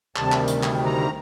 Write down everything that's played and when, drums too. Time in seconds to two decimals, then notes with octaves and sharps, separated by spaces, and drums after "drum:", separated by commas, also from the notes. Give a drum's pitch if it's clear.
0.16 D2 C3 D#3 G3 A5, drum: clap
0.32 drum: clap
0.47 drum: hi-hat
0.63 drum: clap
0.86 A#5